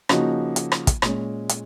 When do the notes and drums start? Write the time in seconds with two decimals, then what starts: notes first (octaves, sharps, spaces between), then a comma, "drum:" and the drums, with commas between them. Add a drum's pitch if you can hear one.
0.09 C#3 F3 A#3 D#4 F#4, drum: rim click
0.56 drum: hi-hat
0.72 drum: rim click
0.87 drum: kick, hi-hat
1.02 A#2 G#3 C#4, drum: rim click
1.49 drum: hi-hat